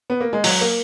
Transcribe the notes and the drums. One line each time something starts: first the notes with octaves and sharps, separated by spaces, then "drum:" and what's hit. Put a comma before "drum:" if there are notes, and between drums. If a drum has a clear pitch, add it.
B3
A#3
G#3
F#3, drum: open hi-hat
A#3